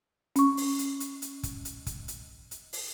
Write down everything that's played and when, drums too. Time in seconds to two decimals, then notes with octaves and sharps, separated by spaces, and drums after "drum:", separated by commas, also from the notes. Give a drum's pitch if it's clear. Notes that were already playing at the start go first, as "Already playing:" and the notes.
0.36 C#4 C#6, drum: hi-hat
0.57 drum: open hi-hat
0.79 drum: hi-hat
1.00 drum: hi-hat
1.22 drum: hi-hat
1.43 drum: kick, hi-hat
1.65 drum: hi-hat
1.86 drum: kick, hi-hat
2.08 drum: hi-hat
2.51 drum: hi-hat
2.73 drum: open hi-hat